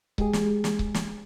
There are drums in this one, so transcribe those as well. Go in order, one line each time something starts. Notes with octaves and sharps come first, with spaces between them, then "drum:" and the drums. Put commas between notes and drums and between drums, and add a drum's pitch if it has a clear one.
G#3 G4 G#4, drum: kick C#1
drum: snare
drum: snare
drum: kick C#1
drum: snare